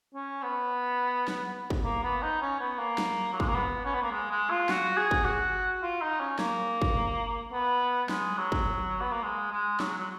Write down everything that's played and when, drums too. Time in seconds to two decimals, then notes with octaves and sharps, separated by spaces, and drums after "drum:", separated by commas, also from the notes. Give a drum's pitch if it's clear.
0.14 C#4
0.42 B3
1.28 drum: snare
1.70 drum: kick
1.84 A#3
2.03 B3
2.22 D#4
2.42 C#4
2.60 B3
2.79 A#3
2.98 drum: snare
3.33 F#3
3.40 G#3, drum: kick
3.48 A#3
3.55 B3
3.85 C#4
3.94 B3
4.02 A#3
4.12 G#3
4.31 G#3
4.50 F4
4.69 F#4, drum: snare
4.97 G#4
5.11 drum: kick
5.25 F#4
5.82 F4
6.01 D#4
6.20 C#4
6.39 A#3, drum: snare
6.82 drum: kick
7.52 B3
8.09 G#3, drum: snare
8.37 F#3
8.52 drum: kick
9.01 B3
9.12 A#3
9.23 G#3
9.51 G#3
9.80 F#3, drum: snare
9.98 F#3